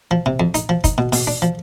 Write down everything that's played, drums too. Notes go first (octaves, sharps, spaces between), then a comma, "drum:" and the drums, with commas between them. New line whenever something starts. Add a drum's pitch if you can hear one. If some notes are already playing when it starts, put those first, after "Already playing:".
F3
C3
F2
D#4, drum: hi-hat
F3
D#4, drum: kick, hi-hat
B2
B2, drum: open hi-hat
D4
F3